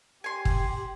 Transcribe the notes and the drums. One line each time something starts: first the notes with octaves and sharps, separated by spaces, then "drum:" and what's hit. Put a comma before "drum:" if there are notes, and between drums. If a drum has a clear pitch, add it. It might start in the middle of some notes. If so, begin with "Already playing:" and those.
G4 G#5 C6
drum: kick